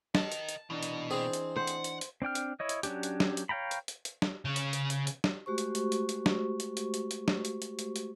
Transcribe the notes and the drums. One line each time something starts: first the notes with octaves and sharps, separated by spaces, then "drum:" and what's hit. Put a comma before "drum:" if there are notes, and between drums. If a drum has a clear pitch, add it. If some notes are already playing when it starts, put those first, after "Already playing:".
A#4 D#5 A5, drum: snare
drum: hi-hat
drum: hi-hat
B2 E3 D4 D#4
drum: hi-hat
C4 G#4
drum: hi-hat
C5 F#5
drum: hi-hat
drum: hi-hat
drum: hi-hat
C4 D4 G5 F6
drum: hi-hat
E4 C#5 D#5
drum: hi-hat
F#3 C#4 D4 G4, drum: hi-hat
drum: hi-hat
drum: snare
drum: hi-hat
C#5 F5 G5 A#5 B5
drum: hi-hat
drum: hi-hat
drum: hi-hat
drum: snare
C#3 C#5
drum: hi-hat
drum: hi-hat
drum: hi-hat
drum: hi-hat
drum: snare
G#3 A3 F#4 G4 C5 C#6
drum: hi-hat
drum: hi-hat
drum: hi-hat
drum: hi-hat
drum: snare
drum: hi-hat
drum: hi-hat
drum: hi-hat
drum: hi-hat
drum: snare
drum: hi-hat
drum: hi-hat
drum: hi-hat
drum: hi-hat